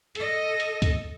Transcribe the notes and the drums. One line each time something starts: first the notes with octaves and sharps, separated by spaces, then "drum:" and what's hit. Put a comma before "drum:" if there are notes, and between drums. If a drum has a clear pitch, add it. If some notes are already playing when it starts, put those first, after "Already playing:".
A4 D#5, drum: hi-hat
drum: hi-hat
drum: kick C#2, hi-hat